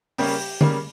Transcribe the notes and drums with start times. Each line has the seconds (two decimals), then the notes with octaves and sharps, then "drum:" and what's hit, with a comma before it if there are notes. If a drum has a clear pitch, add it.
0.18 C#3 G3 A#3 C#4 G4, drum: open hi-hat
0.61 C#3 G3 A#3, drum: tom D3